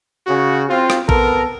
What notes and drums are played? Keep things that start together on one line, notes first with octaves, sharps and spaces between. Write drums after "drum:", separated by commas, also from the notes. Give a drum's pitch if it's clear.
C#3 F#4
C4 F4
drum: rim click
B3 A4 A#4, drum: kick